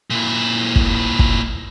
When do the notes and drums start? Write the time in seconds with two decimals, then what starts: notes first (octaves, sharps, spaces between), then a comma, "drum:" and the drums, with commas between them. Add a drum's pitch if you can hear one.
0.10 A#2 E4
0.76 drum: kick
1.19 drum: kick